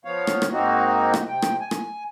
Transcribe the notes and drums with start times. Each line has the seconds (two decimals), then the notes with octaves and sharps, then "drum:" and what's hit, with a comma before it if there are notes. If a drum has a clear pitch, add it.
0.05 F3 B3 C#5 F5
0.27 drum: rim click
0.42 drum: rim click
0.52 G#2 A#3 C4 D#4 F#4
1.14 drum: rim click
1.28 C3 G5
1.42 drum: rim click
1.60 G#5
1.71 drum: rim click